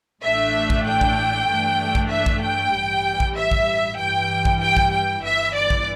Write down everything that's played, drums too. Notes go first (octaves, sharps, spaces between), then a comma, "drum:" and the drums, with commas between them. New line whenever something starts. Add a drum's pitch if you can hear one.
A1 A2 A3 D4 E5
drum: kick A#1
G5
drum: kick A#1
G2 E3 A3 D4
drum: kick A#1
E5
drum: kick A#1
G5
A1 G2 G3
drum: kick A#1
E5
drum: kick A#1
G2 E3 G3 G5
drum: kick A#1
G5
drum: kick A#1
G5
G1 G2 E3 E5
D5
drum: kick A#1